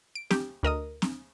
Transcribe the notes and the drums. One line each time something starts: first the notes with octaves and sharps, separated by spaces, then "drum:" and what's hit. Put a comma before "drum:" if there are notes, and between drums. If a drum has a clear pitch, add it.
D7
G4, drum: snare C4
D2 A#4 D#5 D#6
drum: snare C4